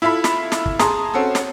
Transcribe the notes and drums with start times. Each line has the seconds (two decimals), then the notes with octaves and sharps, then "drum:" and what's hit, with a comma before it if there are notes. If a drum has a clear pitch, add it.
0.02 E4 F4 A4 E5 B5
0.24 drum: snare
0.52 drum: snare
0.66 drum: kick
0.80 G#4 A5 A#5 C6 D#6, drum: snare
1.14 C4 C#4 F#4 A4
1.35 drum: snare